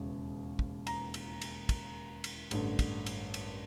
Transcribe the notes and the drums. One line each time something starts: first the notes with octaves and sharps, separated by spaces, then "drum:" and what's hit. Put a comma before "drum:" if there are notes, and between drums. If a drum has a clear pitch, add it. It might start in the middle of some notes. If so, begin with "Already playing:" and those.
Already playing: E1 D#2 C#3 E3
drum: kick
A#5, drum: cymbal
drum: cymbal
drum: cymbal
drum: kick, cymbal
drum: cymbal
A1 G2 D3, drum: cymbal
drum: kick, cymbal
drum: cymbal
drum: cymbal